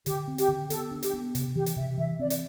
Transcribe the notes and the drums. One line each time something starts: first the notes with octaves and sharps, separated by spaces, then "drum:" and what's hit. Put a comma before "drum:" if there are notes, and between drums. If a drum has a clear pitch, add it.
D3 G4, drum: hi-hat
C4
G4, drum: hi-hat
D3
B3 A4, drum: hi-hat
D4
G4, drum: hi-hat
B3
C3, drum: hi-hat
E3 G4
drum: hi-hat
C3 E5
E3 E5
C4 D5
drum: hi-hat